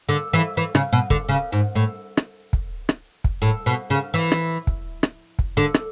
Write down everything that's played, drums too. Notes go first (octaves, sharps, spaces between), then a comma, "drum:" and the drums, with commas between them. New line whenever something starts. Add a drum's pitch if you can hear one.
D3
E3
E3
C#3, drum: rim click
B2
D3, drum: kick
C#3
G#2
A2
drum: rim click
drum: kick
drum: rim click
drum: kick
A2
B2
C#3
E3
drum: rim click
drum: kick
drum: rim click
drum: kick
D3
drum: rim click